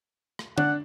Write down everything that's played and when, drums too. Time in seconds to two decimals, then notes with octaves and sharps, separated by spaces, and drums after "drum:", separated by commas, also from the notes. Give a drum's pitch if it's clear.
0.39 drum: rim click
0.58 D4 F#5, drum: tom D3